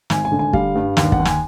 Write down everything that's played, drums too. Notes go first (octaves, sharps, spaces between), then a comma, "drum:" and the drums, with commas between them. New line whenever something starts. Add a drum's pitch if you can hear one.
G#1 G#5, drum: snare
G#5
D3
G#5
G3 F5, drum: kick
G2
D#2 F5, drum: snare
F#5, drum: kick
D#2
G#5, drum: snare